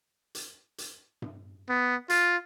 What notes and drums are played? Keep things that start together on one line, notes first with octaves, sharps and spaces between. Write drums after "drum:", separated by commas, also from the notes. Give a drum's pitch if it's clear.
drum: hi-hat
drum: hi-hat
drum: tom G2
B3
F4, drum: hi-hat